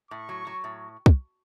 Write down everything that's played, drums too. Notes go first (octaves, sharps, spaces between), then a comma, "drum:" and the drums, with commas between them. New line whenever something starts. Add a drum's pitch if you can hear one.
A2 C#6
F#3
F#3
A2
drum: kick